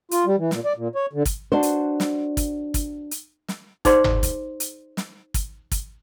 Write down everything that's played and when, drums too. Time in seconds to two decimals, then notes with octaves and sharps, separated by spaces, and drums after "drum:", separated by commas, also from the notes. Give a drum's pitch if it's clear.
0.11 F4, drum: hi-hat
0.26 G3
0.38 E3
0.51 A#2, drum: snare
0.65 D5
0.77 A#2
0.95 C#5
1.13 D3
1.25 drum: kick, hi-hat
1.52 D4 F#4 C5
1.63 drum: hi-hat
2.00 drum: snare
2.37 drum: kick, hi-hat
2.74 drum: kick, hi-hat
3.11 drum: hi-hat
3.48 drum: snare
3.85 D#4 G#4 C5 D5 C6, drum: kick, hi-hat
4.04 drum: tom G1
4.23 drum: kick, hi-hat
4.60 drum: hi-hat
4.97 drum: snare
5.34 drum: kick, hi-hat
5.71 drum: kick, hi-hat